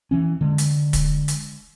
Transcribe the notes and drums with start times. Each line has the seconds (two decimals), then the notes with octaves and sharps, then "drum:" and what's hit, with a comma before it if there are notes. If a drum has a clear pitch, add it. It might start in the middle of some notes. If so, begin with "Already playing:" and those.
0.11 E3 C#4
0.41 D3 G#3
0.58 drum: hi-hat
0.93 drum: kick, hi-hat
1.28 drum: hi-hat